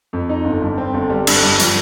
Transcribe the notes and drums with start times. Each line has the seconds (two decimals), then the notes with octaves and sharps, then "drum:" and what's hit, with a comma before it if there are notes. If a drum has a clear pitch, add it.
0.13 F2
0.29 D#4
0.44 G1
0.62 G2
0.78 C4
0.94 G1
1.10 G3
1.27 G2, drum: cymbal
1.42 G2
1.60 F3, drum: hi-hat